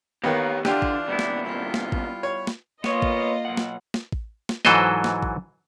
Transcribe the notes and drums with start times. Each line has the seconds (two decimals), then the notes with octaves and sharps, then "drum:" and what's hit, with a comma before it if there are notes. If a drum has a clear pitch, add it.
0.24 D#3 A#3 B3 G4 C#5
0.65 D3 E3 D4 F4 G4, drum: snare
0.82 drum: kick
1.08 D#2 B2 G3 B3 E4
1.19 drum: snare
1.46 F4
1.74 drum: snare
1.92 drum: kick
2.23 C#5
2.47 drum: snare
2.84 A#3 B3 F4 C#5 D#5, drum: snare
3.02 drum: kick
3.45 B1 F#5
3.57 drum: snare
3.94 drum: snare
4.12 drum: kick
4.49 drum: snare
4.65 G#2 E3 F#3 A4 C5 D#5, drum: snare
5.04 drum: snare
5.23 drum: kick